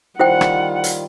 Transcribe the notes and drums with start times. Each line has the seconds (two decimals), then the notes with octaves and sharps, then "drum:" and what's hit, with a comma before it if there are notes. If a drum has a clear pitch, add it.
0.19 D#3 G3 E4 F4 C5 F#5 G5
0.41 drum: rim click
0.84 drum: hi-hat